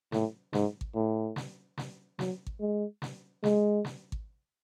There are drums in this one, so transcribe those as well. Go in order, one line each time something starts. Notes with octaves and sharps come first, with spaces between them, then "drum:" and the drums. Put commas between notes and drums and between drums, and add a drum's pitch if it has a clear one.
A2, drum: snare
G#2, drum: snare
drum: kick G#1
A2
drum: snare
drum: snare
F#3, drum: snare
drum: kick G#1
G#3
drum: snare
G#3, drum: snare
drum: snare
drum: kick G#1